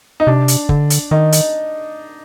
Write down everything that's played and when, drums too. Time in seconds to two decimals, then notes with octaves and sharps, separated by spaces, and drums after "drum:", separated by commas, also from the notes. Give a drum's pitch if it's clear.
0.20 D#4
0.27 C3 D4
0.48 drum: hi-hat
0.69 D3, drum: kick
0.90 drum: hi-hat
1.11 D#3 D#4
1.32 drum: hi-hat